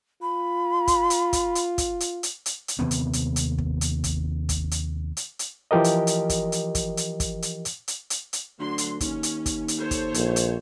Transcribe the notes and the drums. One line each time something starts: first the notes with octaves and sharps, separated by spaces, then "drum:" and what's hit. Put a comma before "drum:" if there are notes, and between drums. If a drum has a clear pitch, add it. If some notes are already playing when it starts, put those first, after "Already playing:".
F4 B5
drum: kick, hi-hat
drum: hi-hat
drum: kick, hi-hat
drum: hi-hat
drum: kick, hi-hat
drum: hi-hat
drum: hi-hat
drum: hi-hat
drum: hi-hat
D#2 C3 B3 C4
drum: hi-hat
drum: hi-hat
drum: hi-hat
drum: kick
drum: hi-hat
drum: kick, hi-hat
drum: kick, hi-hat
drum: hi-hat
drum: hi-hat
drum: hi-hat
E3 F3 G4 A#4 D#5
drum: hi-hat
drum: hi-hat
drum: kick, hi-hat
drum: hi-hat
drum: kick, hi-hat
drum: hi-hat
drum: kick, hi-hat
drum: hi-hat
drum: hi-hat
drum: hi-hat
drum: hi-hat
drum: hi-hat
D2 D3 F#3 C6
drum: hi-hat
D#2 C#4, drum: kick, hi-hat
drum: hi-hat
drum: kick, hi-hat
drum: hi-hat
A4 C5 C#5
drum: kick, hi-hat
A#1, drum: hi-hat
drum: hi-hat